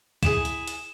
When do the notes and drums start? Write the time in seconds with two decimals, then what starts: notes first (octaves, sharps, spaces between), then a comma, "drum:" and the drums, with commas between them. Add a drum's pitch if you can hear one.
0.23 E4 G4 G#4 E7, drum: kick, hi-hat
0.45 drum: hi-hat
0.67 drum: hi-hat